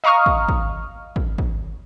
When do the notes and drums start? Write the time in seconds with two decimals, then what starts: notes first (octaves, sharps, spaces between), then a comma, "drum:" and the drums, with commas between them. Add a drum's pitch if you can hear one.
0.04 D#5 F5 A#5 C#6 D#6 F6
0.26 drum: kick
0.49 drum: kick
1.16 drum: kick
1.38 drum: kick